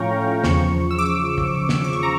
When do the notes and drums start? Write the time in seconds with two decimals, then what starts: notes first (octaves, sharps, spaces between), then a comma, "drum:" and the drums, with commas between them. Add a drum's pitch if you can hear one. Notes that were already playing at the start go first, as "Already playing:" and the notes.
Already playing: A2 F3 A3 C#4 F5 G5 A#5 C#6
0.44 E2 C#3 F3 C#6, drum: snare
0.91 E6
0.98 D6
1.06 E6
1.38 drum: kick
1.69 drum: snare
1.84 D6
1.93 C#6
2.03 A#5